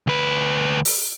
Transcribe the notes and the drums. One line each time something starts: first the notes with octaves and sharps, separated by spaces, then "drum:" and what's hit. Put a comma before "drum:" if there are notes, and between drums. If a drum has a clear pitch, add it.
D2 B4
drum: open hi-hat